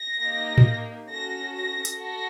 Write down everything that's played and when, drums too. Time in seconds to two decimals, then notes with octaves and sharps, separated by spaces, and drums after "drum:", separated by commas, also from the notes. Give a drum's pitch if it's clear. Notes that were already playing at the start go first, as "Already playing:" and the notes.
Already playing: A#6
0.21 A#3 D#4 G4
0.58 drum: tom A2
1.09 C#4 F#4 A4 A#6
1.52 A#6
1.85 drum: hi-hat
1.96 F#4 A4 A#6